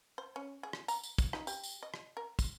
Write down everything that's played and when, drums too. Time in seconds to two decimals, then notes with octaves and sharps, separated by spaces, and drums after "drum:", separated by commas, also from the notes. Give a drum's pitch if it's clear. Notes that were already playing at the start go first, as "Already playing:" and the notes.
0.18 C5
0.36 C#4
0.63 G#4
0.73 drum: rim click
0.88 A#5, drum: tambourine
1.03 drum: tambourine
1.18 drum: kick, tambourine
1.33 D#4, drum: rim click
1.47 G4, drum: tambourine
1.64 drum: tambourine
1.83 D#5
1.94 drum: rim click
2.17 A#4
2.39 drum: kick, tambourine